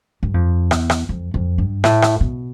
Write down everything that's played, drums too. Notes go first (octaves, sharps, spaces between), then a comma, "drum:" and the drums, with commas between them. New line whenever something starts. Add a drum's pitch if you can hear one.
G2
F2
E2, drum: rim click
drum: rim click
F2
F2
G2
A2, drum: rim click
drum: rim click
B2